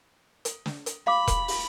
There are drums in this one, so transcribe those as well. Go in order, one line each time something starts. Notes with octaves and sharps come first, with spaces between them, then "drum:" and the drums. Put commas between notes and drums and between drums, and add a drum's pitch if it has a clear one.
drum: hi-hat
drum: snare
drum: hi-hat
F5 B5 D6
drum: kick E1, hi-hat
drum: open hi-hat